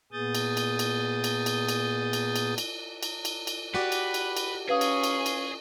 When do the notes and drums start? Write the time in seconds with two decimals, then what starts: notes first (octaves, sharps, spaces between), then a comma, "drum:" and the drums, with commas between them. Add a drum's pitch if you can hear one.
0.12 A#2 B3 G#4 D#6 G6 A6
0.35 drum: cymbal
0.57 drum: cymbal
0.79 drum: cymbal
1.24 drum: cymbal
1.46 drum: cymbal
1.69 drum: cymbal
2.13 drum: cymbal
2.36 drum: cymbal
2.58 drum: cymbal
3.03 drum: cymbal
3.25 drum: cymbal
3.47 drum: cymbal
3.75 F#4 G4 B4 D5
3.92 drum: cymbal
4.14 drum: cymbal
4.37 drum: cymbal
4.69 C#4 G#4 B4 F5 D#6
4.81 drum: cymbal
5.04 drum: cymbal
5.26 drum: cymbal